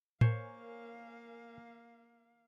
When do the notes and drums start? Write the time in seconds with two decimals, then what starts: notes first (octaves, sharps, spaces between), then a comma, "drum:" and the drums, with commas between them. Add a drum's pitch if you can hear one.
0.21 A#3 A#4 C5 C#5 F5 G#5, drum: tom A2